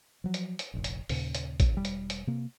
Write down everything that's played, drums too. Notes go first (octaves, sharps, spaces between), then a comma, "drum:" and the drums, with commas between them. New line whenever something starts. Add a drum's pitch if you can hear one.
F3 F#3
drum: hi-hat
drum: hi-hat
F1 A#1
drum: hi-hat
D#2 A#2 C#3, drum: open hi-hat
drum: hi-hat
drum: kick, hi-hat
E1 G3
drum: hi-hat
drum: hi-hat
C3 A#3